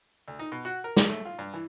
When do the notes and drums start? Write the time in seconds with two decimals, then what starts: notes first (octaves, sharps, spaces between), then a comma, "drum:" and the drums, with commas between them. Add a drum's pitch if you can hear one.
0.28 D2
0.39 D#4
0.52 B2
0.65 F#4
0.84 A#4
0.96 D5, drum: snare
1.09 A3
1.25 F4
1.39 G2
1.54 E3